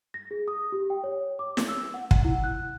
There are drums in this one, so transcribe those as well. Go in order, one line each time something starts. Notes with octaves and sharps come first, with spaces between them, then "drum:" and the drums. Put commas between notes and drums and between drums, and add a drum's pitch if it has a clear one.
A#6
G#4
D#6
G4
G5
C#5
D6
drum: snare
E6
F#5
F#5, drum: kick
E4
F#6